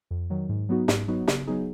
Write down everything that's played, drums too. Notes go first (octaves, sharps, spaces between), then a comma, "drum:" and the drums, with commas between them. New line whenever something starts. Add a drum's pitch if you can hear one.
F2
D#3 F#3
G#2
F#3 B3 D#4 F#4
G#2, drum: snare
F#3 B3 D#4 F#4
C#3, drum: snare
F#3 B3 D#4 G#4